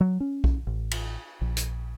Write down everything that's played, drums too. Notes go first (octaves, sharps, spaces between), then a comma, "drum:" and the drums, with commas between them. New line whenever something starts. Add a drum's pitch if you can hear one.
F#3
C#4
drum: kick B1
A1
drum: cymbal
A#1
drum: hi-hat